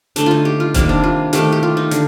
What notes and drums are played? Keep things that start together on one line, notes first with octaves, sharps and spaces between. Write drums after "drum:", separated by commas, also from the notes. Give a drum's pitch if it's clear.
D3 A3 D4, drum: hi-hat
D#4 F4
G4
F4
C3 D#3 G3 A#3, drum: kick F1, hi-hat
D4
F4
D#3 A3 G4, drum: hi-hat
G4
F4
D#4
D3, drum: hi-hat